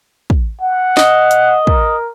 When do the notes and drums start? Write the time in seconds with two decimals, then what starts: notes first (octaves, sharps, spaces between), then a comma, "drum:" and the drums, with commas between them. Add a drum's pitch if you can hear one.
0.30 drum: kick
0.61 F#5
0.97 D#5, drum: snare
1.31 drum: hi-hat
1.67 A#4, drum: kick